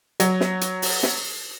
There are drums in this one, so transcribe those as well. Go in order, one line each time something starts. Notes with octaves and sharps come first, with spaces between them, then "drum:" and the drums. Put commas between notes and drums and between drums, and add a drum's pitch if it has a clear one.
F#3, drum: hi-hat
drum: snare
drum: hi-hat
drum: open hi-hat
drum: snare